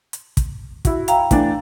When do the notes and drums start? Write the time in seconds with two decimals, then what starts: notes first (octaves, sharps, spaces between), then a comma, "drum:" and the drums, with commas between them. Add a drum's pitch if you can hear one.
0.13 drum: hi-hat
0.37 drum: kick, hi-hat
0.85 E4 F#4, drum: kick, hi-hat
1.08 F5 G5 A#5, drum: hi-hat
1.31 E3 A3 D4, drum: kick, hi-hat